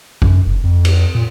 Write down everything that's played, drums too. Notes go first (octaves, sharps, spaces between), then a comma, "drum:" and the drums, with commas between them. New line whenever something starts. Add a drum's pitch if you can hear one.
F#2, drum: kick G#1
F#1
F2
drum: cymbal
A#2